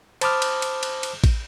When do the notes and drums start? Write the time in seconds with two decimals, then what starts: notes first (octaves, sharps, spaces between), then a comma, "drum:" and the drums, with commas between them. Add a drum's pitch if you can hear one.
0.21 C5 A5 B5 D6 D#6 F6, drum: cymbal
0.42 drum: cymbal
0.62 drum: cymbal
0.83 drum: cymbal
1.03 drum: cymbal
1.24 drum: kick A1, cymbal